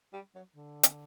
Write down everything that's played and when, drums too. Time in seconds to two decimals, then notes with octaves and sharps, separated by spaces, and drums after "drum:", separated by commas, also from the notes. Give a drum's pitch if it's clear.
0.13 G3
0.35 F#3
0.56 D3
0.83 drum: hi-hat